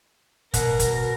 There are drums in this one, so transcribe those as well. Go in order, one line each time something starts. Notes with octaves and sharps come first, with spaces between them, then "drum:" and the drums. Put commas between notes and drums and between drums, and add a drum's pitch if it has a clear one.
B2 A#4, drum: kick, hi-hat
drum: kick, hi-hat